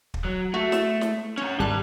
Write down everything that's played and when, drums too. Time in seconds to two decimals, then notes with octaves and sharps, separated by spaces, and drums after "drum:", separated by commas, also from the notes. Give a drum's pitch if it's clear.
0.14 drum: kick
0.24 F#3
0.54 A3 F#4
0.72 E7, drum: snare
1.01 drum: snare
1.38 C#4 C#5 A#5
1.59 G#1 G3 G4 A5 F#6